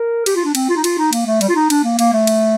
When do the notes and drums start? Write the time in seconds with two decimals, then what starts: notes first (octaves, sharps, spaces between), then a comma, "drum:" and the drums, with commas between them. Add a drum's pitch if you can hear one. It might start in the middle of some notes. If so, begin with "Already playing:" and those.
Already playing: A#4
0.26 G4, drum: cymbal
0.36 F4
0.45 D4
0.55 C4, drum: cymbal
0.69 F4
0.76 D#4
0.84 F4, drum: cymbal
0.98 D#4
1.13 A#3, drum: cymbal
1.27 A3
1.41 G3, drum: cymbal
1.49 F4
1.56 D#4
1.70 D4, drum: cymbal
1.84 A#3
1.99 A#3, drum: cymbal
2.13 A3
2.27 drum: cymbal